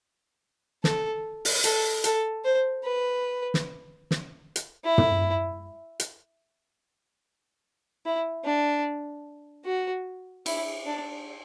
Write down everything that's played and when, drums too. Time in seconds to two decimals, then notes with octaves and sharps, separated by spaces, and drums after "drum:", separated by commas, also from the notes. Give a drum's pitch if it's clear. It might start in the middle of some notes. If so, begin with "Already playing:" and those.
0.84 A4, drum: snare
1.45 drum: open hi-hat
1.64 A4, drum: hi-hat
2.04 A4, drum: hi-hat
2.44 C5
2.84 B4
3.54 drum: snare
4.11 drum: snare
4.56 drum: hi-hat
4.84 E4
4.98 drum: tom
6.00 drum: hi-hat
8.06 E4
8.45 D4
9.65 F#4
10.46 E4, drum: cymbal
10.86 D4